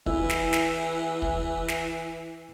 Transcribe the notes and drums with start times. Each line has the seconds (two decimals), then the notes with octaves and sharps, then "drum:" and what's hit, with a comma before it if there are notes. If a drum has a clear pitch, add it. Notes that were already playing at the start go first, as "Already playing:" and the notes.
0.06 E3 E4, drum: kick
0.29 drum: snare
0.53 drum: snare
1.22 drum: kick
1.68 drum: snare